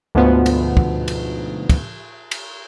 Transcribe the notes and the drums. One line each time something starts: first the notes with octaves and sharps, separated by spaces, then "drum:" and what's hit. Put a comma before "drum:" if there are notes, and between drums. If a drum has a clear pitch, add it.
D2 G#2 B2 F3 B3
drum: cymbal
drum: kick
drum: cymbal
drum: kick, cymbal
drum: cymbal